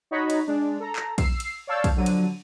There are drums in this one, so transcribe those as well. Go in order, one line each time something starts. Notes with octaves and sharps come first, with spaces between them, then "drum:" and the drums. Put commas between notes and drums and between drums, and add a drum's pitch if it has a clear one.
D#4 F#4 C#5 D#5 B5
drum: cymbal
G#3 D4
A4 A#5
drum: clap
E6 C7, drum: kick, cymbal
drum: cymbal
C#5 D5 F5 A5 E6 G6
drum: kick, cymbal
D3 F3 F#3 D#7
drum: cymbal